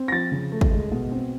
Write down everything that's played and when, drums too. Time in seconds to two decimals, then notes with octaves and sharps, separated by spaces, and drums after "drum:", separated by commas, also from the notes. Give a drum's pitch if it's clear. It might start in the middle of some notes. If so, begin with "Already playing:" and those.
Already playing: C4
0.08 A#6
0.12 F3 A6
0.32 C#3
0.52 A3
0.61 drum: kick
0.71 G#3
0.91 B2
1.12 C4